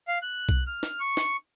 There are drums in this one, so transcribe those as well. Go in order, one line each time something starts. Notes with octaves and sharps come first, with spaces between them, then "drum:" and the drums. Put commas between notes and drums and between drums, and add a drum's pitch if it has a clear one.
F5
F#6
drum: kick B1
F6
drum: snare
C#6
drum: snare